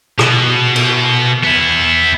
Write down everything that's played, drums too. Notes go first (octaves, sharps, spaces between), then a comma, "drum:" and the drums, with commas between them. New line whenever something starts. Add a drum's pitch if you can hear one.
B2, drum: rim click
drum: cymbal
B3 E4